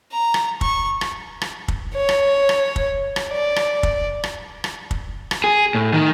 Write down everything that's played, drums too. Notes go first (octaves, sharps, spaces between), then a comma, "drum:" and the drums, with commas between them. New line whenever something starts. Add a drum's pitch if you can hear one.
A#5
drum: rim click
C#6, drum: kick
drum: rim click
drum: rim click
drum: kick
C#5
drum: rim click
drum: rim click
drum: kick
drum: rim click
D5
drum: rim click
drum: kick
drum: rim click
drum: rim click
drum: kick
drum: rim click
G#4
A2
D#3